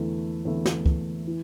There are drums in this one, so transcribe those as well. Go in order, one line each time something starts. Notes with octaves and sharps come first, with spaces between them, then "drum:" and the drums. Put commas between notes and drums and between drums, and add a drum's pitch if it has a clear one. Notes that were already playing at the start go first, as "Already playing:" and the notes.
Already playing: E2 D3 A3 E4
E2 D3 A3 E4
drum: snare
drum: kick
E3